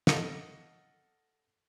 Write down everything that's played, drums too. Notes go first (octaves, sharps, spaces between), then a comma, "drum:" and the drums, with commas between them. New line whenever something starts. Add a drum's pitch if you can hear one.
A4 D#5 F5 F#5, drum: snare